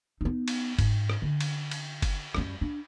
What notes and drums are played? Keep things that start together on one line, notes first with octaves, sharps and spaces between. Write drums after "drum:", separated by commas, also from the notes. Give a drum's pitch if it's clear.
B3 D#4
drum: cymbal
G#2, drum: kick F#1, cymbal
drum: rim click
D3
drum: cymbal
drum: cymbal
drum: kick F#1, cymbal
F#2 G3, drum: rim click
D4